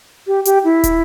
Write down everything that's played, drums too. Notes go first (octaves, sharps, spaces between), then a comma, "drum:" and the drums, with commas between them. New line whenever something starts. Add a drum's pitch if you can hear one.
G4
G4, drum: hi-hat
E4
drum: kick, hi-hat